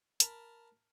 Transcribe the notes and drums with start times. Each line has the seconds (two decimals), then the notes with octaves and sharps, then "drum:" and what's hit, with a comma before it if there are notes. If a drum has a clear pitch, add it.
0.20 A#4 A5 B5, drum: hi-hat